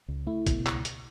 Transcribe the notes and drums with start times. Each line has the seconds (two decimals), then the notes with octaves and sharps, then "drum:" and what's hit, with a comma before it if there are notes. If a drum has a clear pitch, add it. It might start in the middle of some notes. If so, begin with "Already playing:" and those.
0.08 C#2
0.26 A3 E4
0.46 B2, drum: kick, hi-hat
0.66 C#2, drum: clap
0.85 drum: hi-hat